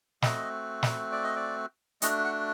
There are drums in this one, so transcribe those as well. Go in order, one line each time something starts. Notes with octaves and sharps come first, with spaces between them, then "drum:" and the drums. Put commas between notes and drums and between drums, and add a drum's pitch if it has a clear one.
A3 C4 F#4 D#5, drum: snare
drum: snare
D5
D#5
D5
A3 D4 F#4 D#5, drum: hi-hat
F#5